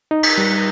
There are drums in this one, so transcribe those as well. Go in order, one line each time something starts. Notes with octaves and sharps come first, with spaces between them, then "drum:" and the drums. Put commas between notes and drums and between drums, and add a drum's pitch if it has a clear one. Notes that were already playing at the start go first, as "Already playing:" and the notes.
D#4
drum: cymbal
G3